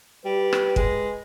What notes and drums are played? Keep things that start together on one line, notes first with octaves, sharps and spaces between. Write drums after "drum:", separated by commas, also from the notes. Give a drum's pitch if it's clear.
G3 B4
drum: rim click
G#3, drum: kick